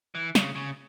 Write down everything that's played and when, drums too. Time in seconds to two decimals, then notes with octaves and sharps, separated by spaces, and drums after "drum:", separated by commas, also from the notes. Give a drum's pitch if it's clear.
0.15 E3
0.35 C#3, drum: snare
0.55 C#3